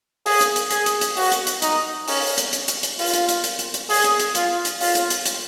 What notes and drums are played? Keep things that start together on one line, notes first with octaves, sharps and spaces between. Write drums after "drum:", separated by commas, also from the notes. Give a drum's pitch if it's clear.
G#4, drum: open hi-hat
drum: hi-hat
drum: hi-hat
G#4, drum: hi-hat
drum: hi-hat
drum: hi-hat
F#4, drum: open hi-hat
drum: hi-hat
drum: hi-hat
D#4, drum: hi-hat
C#4, drum: open hi-hat
drum: hi-hat
drum: hi-hat
drum: hi-hat
drum: hi-hat
F4, drum: open hi-hat
drum: hi-hat
drum: hi-hat
drum: hi-hat
drum: hi-hat
drum: hi-hat
G#4, drum: open hi-hat
drum: hi-hat
drum: hi-hat
F4, drum: hi-hat
drum: hi-hat
F4, drum: open hi-hat
drum: hi-hat
drum: hi-hat
drum: hi-hat